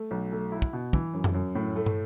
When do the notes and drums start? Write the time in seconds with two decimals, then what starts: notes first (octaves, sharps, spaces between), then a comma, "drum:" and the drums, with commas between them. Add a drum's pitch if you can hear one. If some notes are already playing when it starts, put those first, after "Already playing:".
Already playing: A3
0.11 B1
0.31 A3
0.52 E4
0.62 drum: kick
0.73 B2
0.93 E3, drum: kick
1.14 F#2
1.24 drum: tom F2
1.34 F#2
1.55 A2
1.76 A3
1.86 drum: tom